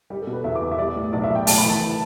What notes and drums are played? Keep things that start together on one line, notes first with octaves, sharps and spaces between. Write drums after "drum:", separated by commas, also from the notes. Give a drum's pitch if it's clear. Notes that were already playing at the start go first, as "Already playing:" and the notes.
G3 G4
A4
B2
B4
E2 E5
D6
E2
E5
G3 D5
A2
B1 D5
E5
B1
G5
A3 A5, drum: open hi-hat
B5
E3
A5